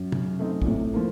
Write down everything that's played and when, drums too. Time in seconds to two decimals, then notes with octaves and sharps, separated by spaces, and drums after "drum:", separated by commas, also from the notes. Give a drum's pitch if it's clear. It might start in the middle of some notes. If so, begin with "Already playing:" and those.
Already playing: F#2
0.12 C#3, drum: tom
0.39 A3 C4 D#4
0.62 A#2, drum: kick
0.66 A2 C3
0.94 F3 A#3